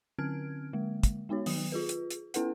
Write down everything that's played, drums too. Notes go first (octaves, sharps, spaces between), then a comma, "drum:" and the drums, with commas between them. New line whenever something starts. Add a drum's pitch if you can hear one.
D3 C4 C#4 F6 G#6 D7
D3 G#3 A#3
drum: kick, hi-hat
G#3 B3 D#4 F#4 C#5
D#3 F#3 B3 D#6, drum: open hi-hat
F4 G#4 B4
drum: hi-hat
drum: hi-hat
B3 C#4 E4 A4 B4 F#5, drum: hi-hat